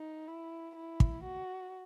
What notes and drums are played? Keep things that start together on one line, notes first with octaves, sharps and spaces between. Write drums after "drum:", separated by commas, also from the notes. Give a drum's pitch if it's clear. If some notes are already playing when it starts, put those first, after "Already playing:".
Already playing: D#4
E4
E4
drum: kick
F#4